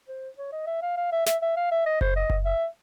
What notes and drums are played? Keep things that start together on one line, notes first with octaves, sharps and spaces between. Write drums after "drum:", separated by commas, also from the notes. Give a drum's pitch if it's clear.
C5
C#5
D#5
E5
F5
F5
E5
E5, drum: snare
E5
F5
E5
D#5
C5, drum: kick F#1
D#5
drum: kick F#1
E5